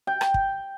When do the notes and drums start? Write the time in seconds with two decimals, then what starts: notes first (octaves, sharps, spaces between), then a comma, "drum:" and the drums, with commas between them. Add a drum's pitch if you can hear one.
0.07 G5
0.21 drum: rim click
0.34 drum: kick